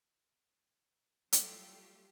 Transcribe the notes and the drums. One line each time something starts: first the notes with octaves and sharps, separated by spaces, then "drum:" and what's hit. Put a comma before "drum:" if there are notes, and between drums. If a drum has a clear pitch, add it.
F#3 G3 A3 F4 G4, drum: hi-hat